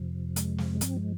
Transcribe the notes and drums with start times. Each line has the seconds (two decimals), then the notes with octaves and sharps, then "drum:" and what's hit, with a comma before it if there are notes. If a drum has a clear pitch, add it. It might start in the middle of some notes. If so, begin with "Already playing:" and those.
Already playing: F2 C3 F3
0.36 G#3, drum: hi-hat
0.58 drum: snare
0.81 G2 F3 C4, drum: hi-hat
0.97 G#3